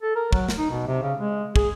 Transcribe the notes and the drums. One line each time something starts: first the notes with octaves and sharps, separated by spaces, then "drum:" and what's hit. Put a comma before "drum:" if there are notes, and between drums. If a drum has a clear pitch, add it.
A4
A#4
F#3, drum: kick
drum: snare
D#4
B2
C3
C#3
G#3
G#4, drum: kick